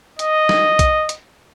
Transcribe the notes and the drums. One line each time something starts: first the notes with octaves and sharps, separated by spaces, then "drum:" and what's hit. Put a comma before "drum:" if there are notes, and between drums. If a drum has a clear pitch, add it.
D#5, drum: hi-hat
drum: snare
drum: kick B1, hi-hat
drum: hi-hat